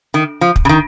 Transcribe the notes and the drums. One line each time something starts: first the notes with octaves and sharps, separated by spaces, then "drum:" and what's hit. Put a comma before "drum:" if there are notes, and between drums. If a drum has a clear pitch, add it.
D#3
F3
drum: kick
C#3
D#3